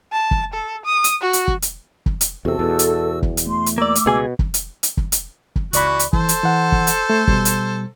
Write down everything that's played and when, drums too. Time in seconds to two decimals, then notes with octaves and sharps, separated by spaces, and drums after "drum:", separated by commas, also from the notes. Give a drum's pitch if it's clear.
0.13 A5
0.31 drum: kick
0.54 A4
0.86 D#6
1.04 drum: hi-hat
1.21 F#4
1.33 drum: hi-hat
1.48 drum: kick
1.62 drum: hi-hat
2.06 drum: kick
2.21 drum: hi-hat
2.45 E2 C3 F#4 A4 E6
2.59 E2 B2
2.79 drum: hi-hat
3.23 drum: kick
3.37 drum: hi-hat
3.47 A3 C6
3.66 drum: hi-hat
3.78 A#3 D5 D6 E6
3.95 drum: hi-hat
4.06 C#2 B2 G#4 G#5
4.39 drum: kick
4.54 drum: hi-hat
4.83 drum: hi-hat
4.97 drum: kick
5.12 drum: hi-hat
5.56 drum: kick
5.73 C#2 E3 F#4 D5 B5, drum: hi-hat
5.99 drum: hi-hat
6.13 E3 A4 C5, drum: kick
6.29 drum: hi-hat
6.43 E3 F#5
6.72 drum: kick
6.87 drum: hi-hat
7.10 A3
7.28 B2 G3, drum: kick
7.45 drum: hi-hat